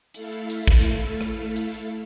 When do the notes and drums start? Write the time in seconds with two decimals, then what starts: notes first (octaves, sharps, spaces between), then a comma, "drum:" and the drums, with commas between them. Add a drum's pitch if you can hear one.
0.14 A3 E4 A4 F5, drum: hi-hat
0.32 drum: hi-hat
0.50 drum: hi-hat
0.67 drum: kick, open hi-hat
0.85 drum: hi-hat
1.21 drum: rim click
1.56 drum: hi-hat
1.74 drum: hi-hat